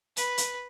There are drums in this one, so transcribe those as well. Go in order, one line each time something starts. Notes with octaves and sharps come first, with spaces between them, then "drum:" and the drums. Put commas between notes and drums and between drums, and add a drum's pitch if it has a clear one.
B4, drum: hi-hat
drum: hi-hat